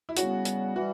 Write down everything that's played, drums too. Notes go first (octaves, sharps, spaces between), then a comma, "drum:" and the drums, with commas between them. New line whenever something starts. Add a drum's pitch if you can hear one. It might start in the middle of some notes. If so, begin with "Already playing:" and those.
E4
C#3 G3 B3 F#4, drum: hi-hat
drum: hi-hat
E3 G3 F#4